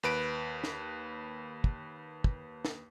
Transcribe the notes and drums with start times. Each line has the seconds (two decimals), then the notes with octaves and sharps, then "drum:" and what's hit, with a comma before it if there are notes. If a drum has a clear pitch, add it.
0.03 D#2 B4 D7
0.64 drum: snare
1.64 drum: kick
2.24 drum: kick
2.65 drum: snare